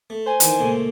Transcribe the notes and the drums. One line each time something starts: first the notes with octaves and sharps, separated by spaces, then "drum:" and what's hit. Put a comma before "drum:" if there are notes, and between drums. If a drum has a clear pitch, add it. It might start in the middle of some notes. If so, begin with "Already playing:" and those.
A3
C5 G#5
D#3 E3, drum: hi-hat
C#2 A#2 A3